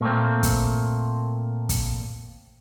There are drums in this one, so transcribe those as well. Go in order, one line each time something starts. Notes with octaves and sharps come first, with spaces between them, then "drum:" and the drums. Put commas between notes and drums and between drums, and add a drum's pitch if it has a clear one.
A#2 A3 A#3 C4
drum: kick, hi-hat
drum: kick, hi-hat